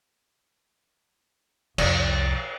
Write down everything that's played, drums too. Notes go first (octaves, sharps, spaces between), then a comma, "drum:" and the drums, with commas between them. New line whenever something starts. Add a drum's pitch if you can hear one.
C2 F2, drum: cymbal